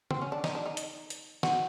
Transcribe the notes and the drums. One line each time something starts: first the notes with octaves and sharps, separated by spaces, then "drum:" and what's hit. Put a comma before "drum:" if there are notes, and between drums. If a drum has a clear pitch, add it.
C4, drum: tom C#3
C#4
D4
D#4, drum: snare
D4
D#4
drum: hi-hat
drum: hi-hat
F#4, drum: snare